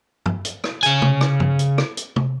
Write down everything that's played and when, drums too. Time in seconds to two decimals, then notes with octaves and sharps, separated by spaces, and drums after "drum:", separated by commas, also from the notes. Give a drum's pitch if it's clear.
0.26 drum: tom G2
0.45 drum: hi-hat
0.64 drum: rim click
0.83 C#3 G#5, drum: hi-hat
1.02 drum: tom
1.21 drum: rim click
1.40 drum: tom G2
1.59 drum: hi-hat
1.78 drum: rim click
1.97 drum: hi-hat
2.16 drum: tom